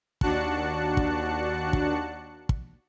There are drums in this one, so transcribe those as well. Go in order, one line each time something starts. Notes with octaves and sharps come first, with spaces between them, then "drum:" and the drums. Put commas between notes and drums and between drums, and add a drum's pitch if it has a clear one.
D#2 D4 F#4 A5 F#6 C#7, drum: kick
drum: kick
drum: kick
drum: kick